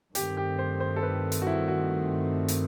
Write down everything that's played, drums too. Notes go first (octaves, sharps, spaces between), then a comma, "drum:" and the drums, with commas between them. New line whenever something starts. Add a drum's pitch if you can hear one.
G2 D#3 A3 C4 G4, drum: hi-hat
G4
C5
C5
A4
B4
drum: hi-hat
F#4
E4
F#4
drum: hi-hat